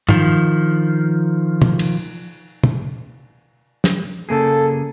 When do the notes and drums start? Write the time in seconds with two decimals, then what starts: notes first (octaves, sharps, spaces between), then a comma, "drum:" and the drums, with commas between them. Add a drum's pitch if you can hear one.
0.09 D#3 F3, drum: tom
1.62 drum: tom
1.79 drum: cymbal
2.64 drum: tom
3.84 drum: snare
4.29 C#3 A#3 G#4 A4